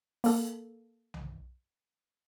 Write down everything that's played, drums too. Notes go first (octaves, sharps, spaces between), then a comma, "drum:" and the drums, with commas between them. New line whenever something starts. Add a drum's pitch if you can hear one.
A#3 A4, drum: open hi-hat
drum: tom B1